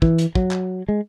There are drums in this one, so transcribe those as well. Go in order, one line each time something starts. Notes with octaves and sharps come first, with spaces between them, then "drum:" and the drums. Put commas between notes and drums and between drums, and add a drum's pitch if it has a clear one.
E3, drum: kick
drum: hi-hat
F#3, drum: kick
drum: clap
G#3